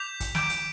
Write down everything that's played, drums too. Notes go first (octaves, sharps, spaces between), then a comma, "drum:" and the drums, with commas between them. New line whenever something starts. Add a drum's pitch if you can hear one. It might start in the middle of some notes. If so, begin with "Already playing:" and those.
Already playing: D6 G6 B6 F7
drum: kick, hi-hat
D6 G6 D7, drum: snare
drum: hi-hat